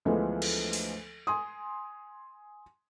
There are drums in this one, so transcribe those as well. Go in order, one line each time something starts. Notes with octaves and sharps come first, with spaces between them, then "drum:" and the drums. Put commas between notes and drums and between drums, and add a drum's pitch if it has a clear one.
D2 E3 F3 G#3 B3
drum: cymbal
drum: open hi-hat
G#5 C6 D#6